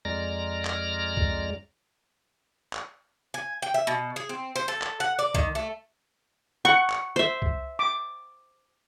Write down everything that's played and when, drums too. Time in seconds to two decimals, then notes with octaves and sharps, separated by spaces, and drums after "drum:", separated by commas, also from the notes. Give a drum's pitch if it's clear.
0.05 F2 G#3 D5 A#5 F6 A#6
0.65 drum: clap
1.17 drum: kick C2
2.73 drum: clap
3.34 G#5
3.62 G5
3.74 E5
3.87 B2
4.16 G#4
4.29 C4
4.56 C5
4.68 A4
4.82 drum: clap
5.00 F#5
5.19 D5
5.34 D#3, drum: kick C2
5.55 A3
6.65 F#5 C#6
6.90 drum: clap
7.16 C5 E5
7.42 drum: kick C2
7.79 D6